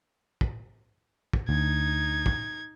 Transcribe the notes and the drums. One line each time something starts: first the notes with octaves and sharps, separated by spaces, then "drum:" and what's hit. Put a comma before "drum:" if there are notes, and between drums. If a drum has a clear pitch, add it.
drum: kick
drum: kick
D2 D#4 G#6
drum: kick